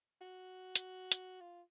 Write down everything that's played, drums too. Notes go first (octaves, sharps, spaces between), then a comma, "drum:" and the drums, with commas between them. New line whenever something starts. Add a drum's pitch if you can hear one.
F#4
drum: hi-hat
drum: hi-hat
F4